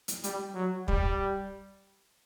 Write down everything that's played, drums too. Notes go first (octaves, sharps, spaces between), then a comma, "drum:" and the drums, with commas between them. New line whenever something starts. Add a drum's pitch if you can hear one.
drum: hi-hat
G3, drum: hi-hat
F#3
G3, drum: kick